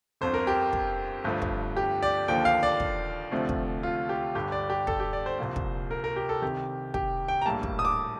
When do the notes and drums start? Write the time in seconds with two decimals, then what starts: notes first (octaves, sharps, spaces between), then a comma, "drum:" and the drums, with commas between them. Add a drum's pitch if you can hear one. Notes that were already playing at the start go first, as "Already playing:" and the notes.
0.21 G1 F2 D3 C5
0.34 A#4
0.47 G4
0.73 drum: kick
1.24 G1 G2 F3 A3
1.42 drum: kick
1.77 G4
2.03 D5
2.28 D#2 D3 F3 A#3 G5
2.45 F5
2.63 D5
2.80 drum: kick
3.31 D2 C3 F3 A3
3.49 drum: kick
3.83 F4
4.09 G4
4.35 G1 G2 D3 G4
4.52 D5
4.70 G4
4.87 A4, drum: kick
5.00 G4
5.13 D5
5.26 C5
5.39 C2 A#2 F3 A#3
5.56 drum: kick
5.91 A#4
6.04 A#4
6.16 G4
6.29 A4
6.42 C2 C3 D#3 G4
6.94 G4, drum: kick
7.28 G5
7.42 A#5
7.46 A#1 A2 G3 A#3 A5
7.63 drum: kick
7.79 D#6
7.85 D6